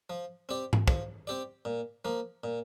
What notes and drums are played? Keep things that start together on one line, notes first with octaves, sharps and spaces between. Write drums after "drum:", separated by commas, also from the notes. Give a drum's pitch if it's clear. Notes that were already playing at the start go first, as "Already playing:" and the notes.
F3
C4 G4 D5
drum: tom G#2
F3, drum: kick
C4 G4 D5
A#2
F3 A#3
A#2